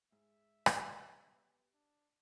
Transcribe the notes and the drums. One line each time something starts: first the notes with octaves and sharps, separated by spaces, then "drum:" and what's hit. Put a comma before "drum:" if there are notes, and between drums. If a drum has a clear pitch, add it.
G#2 E5
drum: rim click
B3 G4
D4